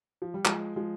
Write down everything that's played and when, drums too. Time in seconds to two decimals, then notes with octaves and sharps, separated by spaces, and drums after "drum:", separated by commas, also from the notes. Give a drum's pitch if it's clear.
0.22 F3
0.34 G3
0.45 F3 G#3, drum: clap
0.76 F3 G#3